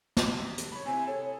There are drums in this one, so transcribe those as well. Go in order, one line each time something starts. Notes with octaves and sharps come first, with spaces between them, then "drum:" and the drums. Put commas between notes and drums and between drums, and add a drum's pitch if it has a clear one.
drum: snare
D#2 C3
drum: hi-hat
C#5 B5
C3 C4 E4 G#5
G#4 A4 C#5